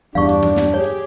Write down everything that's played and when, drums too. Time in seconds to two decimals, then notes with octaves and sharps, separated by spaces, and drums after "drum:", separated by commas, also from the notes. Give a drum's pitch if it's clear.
0.15 E2 G2 D4 G4 F5 C#6
0.29 drum: hi-hat
0.43 drum: tom F3
0.56 drum: snare
0.74 G4 G#4 C#5
0.84 drum: hi-hat